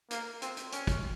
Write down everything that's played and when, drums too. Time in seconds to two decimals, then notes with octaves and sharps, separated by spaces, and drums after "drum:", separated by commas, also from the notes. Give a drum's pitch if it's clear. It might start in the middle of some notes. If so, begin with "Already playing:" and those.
0.11 A#3, drum: hi-hat
0.42 C4, drum: hi-hat
0.57 drum: hi-hat
0.72 C#4, drum: hi-hat
0.87 drum: kick, hi-hat